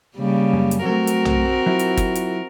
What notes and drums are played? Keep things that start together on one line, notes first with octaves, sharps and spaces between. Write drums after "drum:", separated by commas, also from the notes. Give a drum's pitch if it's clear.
C#3 G3 A#3
F#2
drum: hi-hat
F#3 A3 C4 F#4 A#4
drum: hi-hat
drum: tom B1
F#3 E4 F4
drum: hi-hat
drum: kick, hi-hat
drum: hi-hat